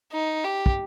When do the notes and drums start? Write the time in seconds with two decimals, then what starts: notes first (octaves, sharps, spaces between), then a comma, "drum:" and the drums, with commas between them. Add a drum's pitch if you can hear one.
0.12 D#4
0.44 G4
0.66 drum: kick